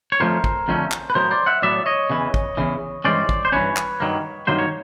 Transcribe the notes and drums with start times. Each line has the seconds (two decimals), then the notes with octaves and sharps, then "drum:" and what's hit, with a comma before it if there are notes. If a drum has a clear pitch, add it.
0.12 C#5
0.20 F2 D3 F3 A3 C#4 A#4 C5
0.44 drum: kick
0.68 F2 D3 F3 A3 C#4
0.92 drum: clap
1.10 B4
1.15 A2 F#3 B3 A#4 C5
1.31 C5 D5
1.46 E5 F#5
1.62 A2 F#3 B3 D5 E5
1.86 C#5 D#5
2.10 E2 C#3 E3
2.34 drum: kick
2.57 E2 C#3 E3
3.05 G2 E3 G#3 C#4 C5 D5
3.29 drum: kick
3.45 C5
3.52 G2 E3 G#3 C#4 B4 C#5
3.77 drum: clap
4.00 G2 D#3 F#3 A#3
4.47 G2 D#3 F#3 A#3 C5
4.59 C#5